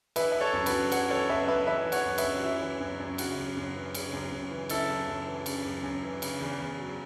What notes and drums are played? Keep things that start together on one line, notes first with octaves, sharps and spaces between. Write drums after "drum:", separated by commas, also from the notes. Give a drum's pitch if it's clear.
E3 B4 E5, drum: cymbal
E3 E5
A4 C#5
F#2
F#4 B4, drum: cymbal
F#2
E3 C#5 F#5, drum: cymbal
E3 A4 C#5
F#2 B4 E5
F#2 B4 E5
E3 B4 E5
E3
C#5 F#5, drum: cymbal
F#2
B4 E5, drum: cymbal
F#2
F#4
E3 E4
E3
F#2
F#2
C#3 F#4, drum: cymbal
F#2
F#2
E3
C#3, drum: cymbal
F#2
F#2
E3
C#3 E4 A4, drum: cymbal
F#2
F#2
E3
C#3, drum: cymbal
F#2
F#2
E3
C#3, drum: cymbal
E2
E2
F#3